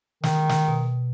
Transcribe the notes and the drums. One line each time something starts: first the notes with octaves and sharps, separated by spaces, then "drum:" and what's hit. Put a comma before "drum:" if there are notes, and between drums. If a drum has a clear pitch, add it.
D#3, drum: snare
drum: snare
B2